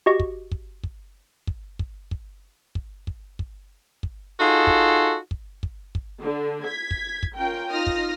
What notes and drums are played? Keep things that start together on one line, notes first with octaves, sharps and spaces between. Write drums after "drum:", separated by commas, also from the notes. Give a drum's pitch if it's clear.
F#4 G4 D#5 C#6
drum: kick
drum: kick
drum: kick
drum: kick
drum: kick
drum: kick
drum: kick
drum: kick
drum: kick
drum: kick
D#4 F4 F#4 G#4 A4
drum: kick
drum: kick
drum: kick
drum: kick
D3
G#6 B6
drum: kick
drum: kick
C#4 F4 A#4 G5
D#4 F4 D#6 F6 A#6
drum: kick